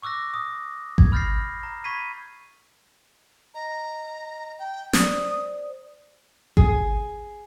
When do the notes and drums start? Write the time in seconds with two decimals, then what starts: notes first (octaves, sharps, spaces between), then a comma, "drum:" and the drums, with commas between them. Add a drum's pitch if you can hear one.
0.02 C#6 D6 E6 F#6 A#6
0.34 D#6
0.98 G#6, drum: kick G#1
1.12 B5 F6 G6 A6 A#6 C7
1.63 A#5
1.84 B5 C#6 G#6 B6 C7 D#7
3.54 D#5 A#5
4.59 G5
4.93 C5 D5 D#6, drum: snare
6.57 G#4, drum: kick G#1